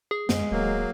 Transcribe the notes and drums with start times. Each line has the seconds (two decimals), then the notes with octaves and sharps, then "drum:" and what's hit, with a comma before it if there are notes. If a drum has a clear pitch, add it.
0.11 G#4
0.29 F#2 G#3, drum: snare
0.51 D1 F#3 A#3